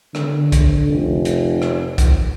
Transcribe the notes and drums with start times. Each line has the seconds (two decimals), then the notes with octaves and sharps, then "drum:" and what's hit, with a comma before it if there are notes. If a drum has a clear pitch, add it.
0.15 D3, drum: rim click
0.52 drum: kick, hi-hat
0.89 F1
1.25 drum: hi-hat
1.62 drum: rim click
1.98 drum: kick, hi-hat